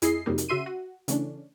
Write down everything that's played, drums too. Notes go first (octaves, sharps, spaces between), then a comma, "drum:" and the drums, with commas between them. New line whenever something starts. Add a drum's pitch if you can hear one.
F2 E4 G#4 D#5 C7, drum: hi-hat
F2 C3 F#3 G3 A#3 D#4
drum: hi-hat
C#3 F#4 E5 C6 D#7
F#4
C#3 E3 A3 C#4 D4, drum: hi-hat